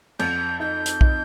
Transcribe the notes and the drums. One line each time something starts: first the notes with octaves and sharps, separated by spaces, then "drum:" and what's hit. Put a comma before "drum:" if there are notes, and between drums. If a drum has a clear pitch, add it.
F2 G6, drum: cymbal
D#4 G6
drum: hi-hat
D#4, drum: kick